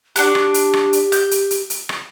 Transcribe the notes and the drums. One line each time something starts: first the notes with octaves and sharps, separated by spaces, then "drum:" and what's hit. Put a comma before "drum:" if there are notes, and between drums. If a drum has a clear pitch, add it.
D4 F#4 G4 F#6, drum: hi-hat
drum: rim click
drum: hi-hat
drum: rim click
drum: hi-hat
G6, drum: hi-hat
drum: hi-hat
drum: hi-hat
drum: hi-hat
drum: rim click